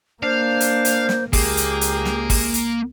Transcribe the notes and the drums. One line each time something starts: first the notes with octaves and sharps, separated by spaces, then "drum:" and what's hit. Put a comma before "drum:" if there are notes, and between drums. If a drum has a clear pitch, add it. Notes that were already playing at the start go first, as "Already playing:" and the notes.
A#3 D4 C5 F5
drum: hi-hat
drum: hi-hat
drum: snare
C#2 A#3 G4 G#4, drum: kick, open hi-hat
drum: hi-hat
drum: hi-hat
drum: snare
drum: kick, open hi-hat
drum: hi-hat